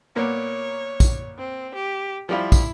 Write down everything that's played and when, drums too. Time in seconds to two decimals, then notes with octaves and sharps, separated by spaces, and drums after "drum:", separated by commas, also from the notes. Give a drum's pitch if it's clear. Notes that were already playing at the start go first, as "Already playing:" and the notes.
0.16 A#2 A#3 B3 C#5
1.00 drum: kick, tambourine
1.38 C4
1.75 G4
2.29 F3 G3 E4 F4
2.52 drum: kick, tambourine